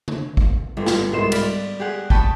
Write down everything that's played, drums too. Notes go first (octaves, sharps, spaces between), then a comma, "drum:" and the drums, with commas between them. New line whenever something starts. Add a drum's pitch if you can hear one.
drum: tom C#3
drum: kick
G1
drum: snare
C2 G#2 B3 F#4 C6 E7
D5 F5 B5 A6, drum: cymbal
G4 G#4 F#5
G5 A5 B5 C#6 D#6, drum: kick